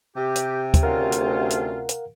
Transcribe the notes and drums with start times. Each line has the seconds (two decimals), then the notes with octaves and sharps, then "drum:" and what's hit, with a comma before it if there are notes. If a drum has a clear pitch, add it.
0.16 C3 G4
0.36 drum: hi-hat
0.74 drum: kick, hi-hat
0.83 D2 C#4 F4 A#4 F5 F#5
1.12 drum: hi-hat
1.50 drum: hi-hat
1.89 drum: hi-hat